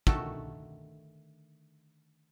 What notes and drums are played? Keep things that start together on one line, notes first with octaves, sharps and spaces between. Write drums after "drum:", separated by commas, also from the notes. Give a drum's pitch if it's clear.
D3 D#3 A3 F#4 A4, drum: kick